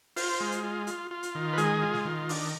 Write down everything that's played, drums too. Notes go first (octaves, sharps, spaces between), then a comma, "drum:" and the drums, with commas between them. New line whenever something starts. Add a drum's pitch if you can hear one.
F4 C5, drum: open hi-hat
G#3
drum: hi-hat
F4
F4, drum: hi-hat
F4
drum: hi-hat
D#3
B4
G#3 G#4, drum: hi-hat
F4
drum: snare
D#3
D4, drum: open hi-hat